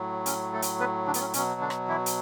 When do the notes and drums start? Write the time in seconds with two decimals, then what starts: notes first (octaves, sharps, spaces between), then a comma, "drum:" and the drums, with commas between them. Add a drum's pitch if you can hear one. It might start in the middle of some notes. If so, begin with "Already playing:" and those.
Already playing: A2 F#3
0.26 C#4, drum: hi-hat
0.53 A3 A4
0.62 drum: hi-hat
0.80 B3 B4
1.07 D3 D4
1.14 B3, drum: hi-hat
1.21 C#4
1.34 B2 F#3 C#4, drum: hi-hat
1.60 D3 D4
1.70 drum: rim click
1.88 E3 E4
2.06 drum: hi-hat